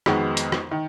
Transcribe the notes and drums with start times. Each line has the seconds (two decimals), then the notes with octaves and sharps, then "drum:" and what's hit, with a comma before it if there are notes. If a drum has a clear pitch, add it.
0.06 F2 D#3 G#3 B3 F#4, drum: rim click
0.37 drum: hi-hat
0.52 drum: rim click
0.71 D#3